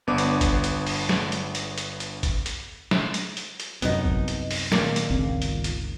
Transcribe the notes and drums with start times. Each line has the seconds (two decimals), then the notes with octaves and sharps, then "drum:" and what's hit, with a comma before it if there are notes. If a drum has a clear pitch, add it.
0.07 G1 B3 D4 D6
0.18 drum: hi-hat
0.41 drum: kick, hi-hat
0.64 drum: hi-hat
0.87 drum: open hi-hat
1.09 drum: snare
1.32 drum: hi-hat
1.55 drum: hi-hat
1.78 drum: hi-hat
2.00 drum: hi-hat
2.23 drum: kick, hi-hat
2.46 drum: hi-hat
2.91 drum: snare
3.14 drum: hi-hat
3.37 drum: hi-hat
3.60 drum: hi-hat
3.82 C2 F#2 B3 D#4, drum: hi-hat
4.05 drum: kick
4.28 drum: hi-hat
4.51 drum: open hi-hat
4.72 A#2 D#3 A#3, drum: snare
4.96 drum: hi-hat
5.10 G1 C#2 C4
5.42 drum: hi-hat
5.64 drum: hi-hat